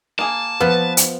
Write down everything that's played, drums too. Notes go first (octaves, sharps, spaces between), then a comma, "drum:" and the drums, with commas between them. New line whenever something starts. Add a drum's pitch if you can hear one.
A#3 G#4 A5
F3 B3 B4
drum: hi-hat